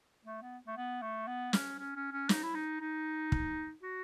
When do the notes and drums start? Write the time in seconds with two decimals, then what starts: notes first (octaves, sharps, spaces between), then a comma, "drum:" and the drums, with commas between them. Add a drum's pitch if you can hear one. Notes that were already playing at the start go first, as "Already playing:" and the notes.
0.25 A3
0.42 B3
0.67 A3
0.77 B3
1.02 A3
1.28 B3
1.53 C#4, drum: snare
1.79 C#4
1.96 C#4
2.12 C#4
2.29 D#4, drum: snare
2.43 E4
2.54 D#4
2.81 D#4
3.32 drum: kick
3.83 F#4